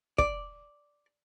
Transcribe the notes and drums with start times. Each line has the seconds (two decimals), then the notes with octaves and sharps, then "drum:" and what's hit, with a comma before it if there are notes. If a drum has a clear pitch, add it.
0.18 D5, drum: kick